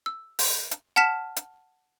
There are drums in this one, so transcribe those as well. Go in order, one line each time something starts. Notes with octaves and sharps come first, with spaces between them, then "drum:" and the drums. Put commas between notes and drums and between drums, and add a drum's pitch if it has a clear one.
E6
drum: open hi-hat
drum: hi-hat
F#5 A5 F6 B6 E7
drum: hi-hat